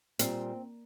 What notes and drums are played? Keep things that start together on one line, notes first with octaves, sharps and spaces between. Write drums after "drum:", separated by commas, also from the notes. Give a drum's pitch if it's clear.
A#2 G3 C4, drum: hi-hat